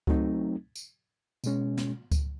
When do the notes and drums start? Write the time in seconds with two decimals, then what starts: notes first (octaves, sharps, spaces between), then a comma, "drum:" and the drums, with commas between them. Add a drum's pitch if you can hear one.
0.07 F#3 A3 C4 D#4, drum: kick C#2
0.75 drum: tambourine
1.44 B2 G#3 C#4, drum: tambourine
1.78 drum: snare
2.12 drum: kick C#2, tambourine